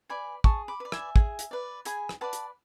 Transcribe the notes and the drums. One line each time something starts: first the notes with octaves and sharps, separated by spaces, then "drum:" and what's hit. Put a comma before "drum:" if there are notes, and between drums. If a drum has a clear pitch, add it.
B4 D5 G#5 B5
G#4 A5 C#6, drum: kick
B5 D6
B4 D5
E5 G#5, drum: rim click
G#4, drum: kick
drum: hi-hat
B4 D5
G#4 G#5 B5, drum: hi-hat
drum: rim click
B4 D5 F#5 A5
drum: hi-hat